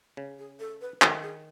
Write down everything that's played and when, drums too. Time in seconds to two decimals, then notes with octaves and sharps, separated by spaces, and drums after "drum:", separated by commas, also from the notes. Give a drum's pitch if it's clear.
0.17 C#3
0.39 G#4
0.59 A4
0.81 B4
1.02 D#3 A4, drum: clap
1.23 G#4